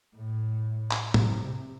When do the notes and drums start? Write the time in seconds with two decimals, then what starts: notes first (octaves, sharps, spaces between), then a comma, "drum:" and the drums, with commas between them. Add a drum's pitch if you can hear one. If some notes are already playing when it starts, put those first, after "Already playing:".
0.17 A2
0.91 drum: clap
1.14 C3, drum: tom